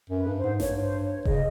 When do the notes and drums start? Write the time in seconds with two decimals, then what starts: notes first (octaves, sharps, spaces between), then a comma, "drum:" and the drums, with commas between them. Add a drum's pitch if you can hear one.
0.10 F#2
0.16 B4
0.27 G2
0.38 C5
0.44 G#2
0.60 G2 C#5, drum: snare A1
0.81 C5
1.04 C#5
1.25 C#3 D#5, drum: kick F1